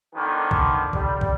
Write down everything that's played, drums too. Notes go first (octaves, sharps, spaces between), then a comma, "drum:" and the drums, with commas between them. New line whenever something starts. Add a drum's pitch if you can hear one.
D3 D#3 F3 B3
drum: kick
G3, drum: kick
drum: kick